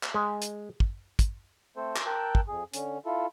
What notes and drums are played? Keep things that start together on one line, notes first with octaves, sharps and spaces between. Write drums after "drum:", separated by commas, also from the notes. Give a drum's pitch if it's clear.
drum: clap
G#3
drum: hi-hat
drum: kick
drum: kick, hi-hat
A3 C4 A4 C5
drum: clap
A#4 G5 A5 E6 F#6 G6
drum: kick
F2 G#4
D3 C#4, drum: hi-hat
E4 F4 A4